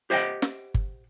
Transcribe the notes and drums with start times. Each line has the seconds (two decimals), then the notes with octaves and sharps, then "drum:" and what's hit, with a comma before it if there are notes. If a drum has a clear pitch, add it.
0.10 G4 C5 D#5 F#5 G5
0.42 drum: snare
0.74 drum: kick G1